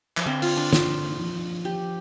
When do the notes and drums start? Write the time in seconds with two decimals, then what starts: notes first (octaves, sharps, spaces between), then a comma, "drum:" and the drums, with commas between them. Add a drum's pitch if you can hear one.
0.17 F3, drum: clap
0.26 D3 C4
0.42 F4, drum: open hi-hat
0.57 D4
0.73 F4, drum: snare
1.19 F3
1.65 G4